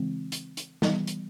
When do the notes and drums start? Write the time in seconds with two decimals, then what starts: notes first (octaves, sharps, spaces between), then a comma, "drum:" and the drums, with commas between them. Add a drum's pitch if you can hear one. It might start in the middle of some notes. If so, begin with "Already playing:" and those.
Already playing: C#3 E3 G#3 C4
0.32 drum: hi-hat
0.57 drum: hi-hat
0.82 E3 G3 B3, drum: snare
1.07 drum: hi-hat